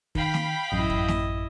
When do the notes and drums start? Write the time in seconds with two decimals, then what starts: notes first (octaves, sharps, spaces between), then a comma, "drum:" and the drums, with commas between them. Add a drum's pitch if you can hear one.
0.15 D#3 F5 G5 B5, drum: kick
0.34 drum: snare
0.72 A1 F#2 E4 D#5
0.90 drum: kick
1.08 drum: snare